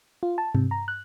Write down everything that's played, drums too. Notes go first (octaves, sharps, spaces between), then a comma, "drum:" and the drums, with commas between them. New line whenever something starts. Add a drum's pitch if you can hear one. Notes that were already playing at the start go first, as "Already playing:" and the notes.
F4
A5
C3, drum: tom G2
A#5
F#6